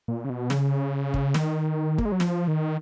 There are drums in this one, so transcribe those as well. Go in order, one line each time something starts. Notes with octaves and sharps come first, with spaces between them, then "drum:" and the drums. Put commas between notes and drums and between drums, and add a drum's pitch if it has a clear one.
A#2
C#3
B2
C#3, drum: snare
drum: kick
D#3, drum: snare
A#3, drum: kick
G#3
F#3
F3, drum: snare
D#3